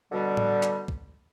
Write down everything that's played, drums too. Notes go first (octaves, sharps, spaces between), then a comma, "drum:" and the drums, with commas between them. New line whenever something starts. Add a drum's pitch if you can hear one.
B2 D3 G3
drum: tom A2
drum: clap
drum: kick